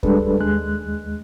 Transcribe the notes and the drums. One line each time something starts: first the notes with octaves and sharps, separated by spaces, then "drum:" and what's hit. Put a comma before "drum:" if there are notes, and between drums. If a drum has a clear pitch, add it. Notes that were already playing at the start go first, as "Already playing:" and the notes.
G3 G#3 D4 A4 B4, drum: kick D2
D#2 G#3 F#6